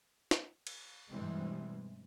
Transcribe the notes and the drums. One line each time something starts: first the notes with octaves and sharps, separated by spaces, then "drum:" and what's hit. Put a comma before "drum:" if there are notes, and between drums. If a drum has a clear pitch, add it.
drum: snare
drum: cymbal
G2 B2 E3 G3 G#3 C4